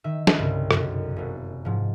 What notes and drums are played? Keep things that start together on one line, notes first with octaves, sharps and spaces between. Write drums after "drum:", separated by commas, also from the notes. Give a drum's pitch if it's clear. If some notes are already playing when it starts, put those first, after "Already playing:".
D#3 E5
drum: snare
C2 G2 C#3 G3
B1 F#2, drum: rim click
F#1 C3
G#2 F3